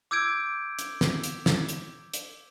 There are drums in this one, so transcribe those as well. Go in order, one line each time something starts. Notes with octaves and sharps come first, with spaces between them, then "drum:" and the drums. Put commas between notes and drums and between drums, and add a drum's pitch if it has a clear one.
D6 E6 G6 G#6 D7
drum: hi-hat
drum: snare
drum: hi-hat
drum: snare
drum: hi-hat
drum: hi-hat